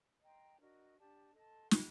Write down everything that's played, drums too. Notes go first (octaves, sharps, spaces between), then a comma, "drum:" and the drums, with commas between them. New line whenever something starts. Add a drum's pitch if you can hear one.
C5 D#5 G5 A#5
D4 F#4 A#4 D#5
D4 G4 D5 A5
A4 D#5 A5 C6
G4 A#4 F#5, drum: snare